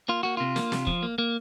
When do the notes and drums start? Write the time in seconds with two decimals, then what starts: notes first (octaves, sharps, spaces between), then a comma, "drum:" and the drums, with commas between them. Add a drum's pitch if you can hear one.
0.09 A#3 F4
0.23 A#3 F#4
0.37 C3 F4
0.56 A#3, drum: snare
0.72 C3, drum: snare
0.87 F3, drum: kick
1.03 A#3
1.18 A#3